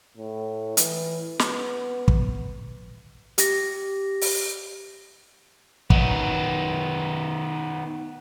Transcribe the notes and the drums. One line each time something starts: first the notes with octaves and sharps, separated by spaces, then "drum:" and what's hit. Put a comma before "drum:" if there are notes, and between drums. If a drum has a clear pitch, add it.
A2
E3, drum: hi-hat
B3, drum: snare
drum: kick
G4 A#6, drum: hi-hat
drum: open hi-hat
D#3 B3, drum: kick